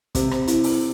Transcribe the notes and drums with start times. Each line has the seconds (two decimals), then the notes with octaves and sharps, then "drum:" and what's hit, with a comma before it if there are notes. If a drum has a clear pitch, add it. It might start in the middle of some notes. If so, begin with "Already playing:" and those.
0.15 C3 C5, drum: kick, hi-hat
0.31 drum: rim click
0.47 E4, drum: hi-hat
0.64 drum: open hi-hat